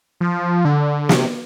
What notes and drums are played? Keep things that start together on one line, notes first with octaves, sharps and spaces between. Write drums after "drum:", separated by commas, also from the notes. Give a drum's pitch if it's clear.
F3
D3
C3, drum: snare